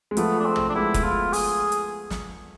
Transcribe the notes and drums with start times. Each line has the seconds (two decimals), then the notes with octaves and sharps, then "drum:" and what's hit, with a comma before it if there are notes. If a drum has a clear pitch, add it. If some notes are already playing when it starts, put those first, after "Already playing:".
0.11 G#3
0.17 F3 A3 B3, drum: hi-hat
0.39 D4
0.46 C4
0.56 drum: tom
0.69 D4
0.75 G#3 B3 E4
0.94 drum: kick F1, hi-hat
1.04 F4
1.33 G#4, drum: open hi-hat
1.72 drum: hi-hat
2.10 drum: snare